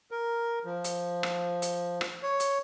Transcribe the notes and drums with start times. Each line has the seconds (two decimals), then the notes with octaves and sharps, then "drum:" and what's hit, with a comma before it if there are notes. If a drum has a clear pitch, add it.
0.11 A#4
0.65 F3
0.84 drum: hi-hat
1.23 drum: rim click
1.62 drum: hi-hat
2.01 drum: rim click
2.23 C#5
2.40 drum: hi-hat